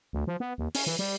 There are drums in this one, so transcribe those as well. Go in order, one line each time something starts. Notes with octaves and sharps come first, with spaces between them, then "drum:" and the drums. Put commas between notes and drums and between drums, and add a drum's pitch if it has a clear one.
D2
F3
B3
D#2
C#4, drum: open hi-hat
E3
G3